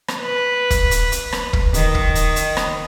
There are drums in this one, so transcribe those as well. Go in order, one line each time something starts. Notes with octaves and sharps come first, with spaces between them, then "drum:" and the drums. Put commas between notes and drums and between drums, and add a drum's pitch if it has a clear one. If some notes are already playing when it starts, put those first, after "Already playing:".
drum: rim click
B4
drum: kick, hi-hat
drum: hi-hat
drum: hi-hat
drum: rim click
drum: kick
D#3, drum: hi-hat
drum: kick
drum: hi-hat
drum: hi-hat
drum: rim click